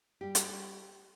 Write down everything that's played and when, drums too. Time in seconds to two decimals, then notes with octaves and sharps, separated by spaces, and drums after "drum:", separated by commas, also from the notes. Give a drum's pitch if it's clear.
0.21 G3 G4
0.35 drum: hi-hat